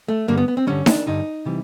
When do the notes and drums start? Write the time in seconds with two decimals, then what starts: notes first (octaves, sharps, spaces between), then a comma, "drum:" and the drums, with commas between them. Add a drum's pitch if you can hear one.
0.08 A3
0.28 G2 D3 G3 A#3
0.37 B3
0.48 B3
0.57 C4
0.67 G2 D3 G3 C#4
0.86 D4, drum: snare D#4
1.06 G2 D3 G3 D#4
1.45 C3 E3 G3